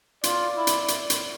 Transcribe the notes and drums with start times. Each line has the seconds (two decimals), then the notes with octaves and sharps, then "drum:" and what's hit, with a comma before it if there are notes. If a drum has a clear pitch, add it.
0.23 F4 D5, drum: hi-hat
0.57 E4
0.67 drum: hi-hat
0.88 drum: hi-hat
1.10 drum: hi-hat